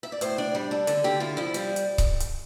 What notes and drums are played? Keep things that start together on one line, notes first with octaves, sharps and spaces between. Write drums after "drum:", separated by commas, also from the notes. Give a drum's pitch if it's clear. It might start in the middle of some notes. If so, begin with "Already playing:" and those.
E5
D5
A2 C5, drum: hi-hat
D4 D5
G3
D4 A4
D3 A4, drum: hi-hat
D3 G4
E4 F4
F3 E4
G3 F4, drum: hi-hat
drum: hi-hat
drum: kick C#1, hi-hat
drum: hi-hat